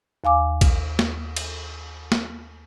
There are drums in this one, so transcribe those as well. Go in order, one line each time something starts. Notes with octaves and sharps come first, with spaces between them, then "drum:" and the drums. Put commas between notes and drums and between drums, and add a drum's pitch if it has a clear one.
D#2 F5 G#5 D6
drum: kick, cymbal
drum: snare
drum: cymbal
drum: snare